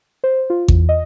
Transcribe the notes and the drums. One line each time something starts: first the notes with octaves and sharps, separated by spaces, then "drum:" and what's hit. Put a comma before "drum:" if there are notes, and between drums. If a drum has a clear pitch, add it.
C5
F4
E2, drum: kick G#1
D#5